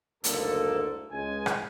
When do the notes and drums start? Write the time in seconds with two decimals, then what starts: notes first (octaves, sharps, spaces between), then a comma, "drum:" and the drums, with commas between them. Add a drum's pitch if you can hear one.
0.24 F#1 D2 G#2 A#3 A4, drum: hi-hat
1.11 C#2 G#3 G#5
1.46 drum: rim click